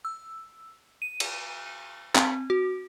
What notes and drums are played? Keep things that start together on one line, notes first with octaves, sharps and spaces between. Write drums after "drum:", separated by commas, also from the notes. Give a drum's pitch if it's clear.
E6
D#7
drum: cymbal
C4, drum: clap
F#4